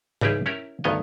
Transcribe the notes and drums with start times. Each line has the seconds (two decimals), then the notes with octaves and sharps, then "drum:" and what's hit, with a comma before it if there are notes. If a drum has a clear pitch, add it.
0.21 C#2 G3 D#4 E4 G4 G#4, drum: tom G#2
0.46 C#4 E4 G4 A#4
0.84 D2 G2 D#3 B3 C#5 D#5